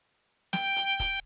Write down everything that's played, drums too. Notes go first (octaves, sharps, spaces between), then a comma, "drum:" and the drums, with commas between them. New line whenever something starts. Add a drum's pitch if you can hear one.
G5, drum: snare
drum: hi-hat
drum: kick, hi-hat